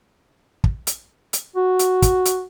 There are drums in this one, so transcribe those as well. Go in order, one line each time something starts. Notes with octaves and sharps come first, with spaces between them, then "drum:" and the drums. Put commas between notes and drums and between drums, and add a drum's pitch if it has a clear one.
drum: kick
drum: hi-hat
drum: hi-hat
F#4
drum: hi-hat
drum: kick, hi-hat
drum: hi-hat